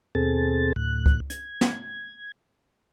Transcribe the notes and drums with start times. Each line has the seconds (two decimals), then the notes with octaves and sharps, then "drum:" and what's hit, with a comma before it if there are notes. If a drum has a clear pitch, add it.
0.15 D#2 B2 C4 G#4 A4 A6
0.76 D2 A2 F#6
1.06 drum: kick C#2
1.30 G#6, drum: hi-hat
1.61 drum: snare